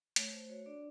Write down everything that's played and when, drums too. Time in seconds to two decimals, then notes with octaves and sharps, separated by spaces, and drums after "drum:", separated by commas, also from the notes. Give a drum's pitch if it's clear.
0.16 A3 C#5, drum: hi-hat
0.33 A3 C5
0.50 F#4 C#5
0.66 D4 D5